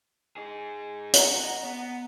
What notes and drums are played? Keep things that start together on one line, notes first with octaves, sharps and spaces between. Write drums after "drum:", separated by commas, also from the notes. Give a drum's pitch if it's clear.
D#4 G#4
F#5 A#5, drum: hi-hat
D#5
B3